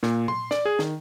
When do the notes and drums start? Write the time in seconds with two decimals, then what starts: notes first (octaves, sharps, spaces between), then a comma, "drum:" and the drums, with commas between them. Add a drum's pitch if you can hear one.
0.03 A#2, drum: snare
0.28 C6, drum: tom A#2
0.51 D5, drum: snare
0.65 G#4
0.79 D#3, drum: snare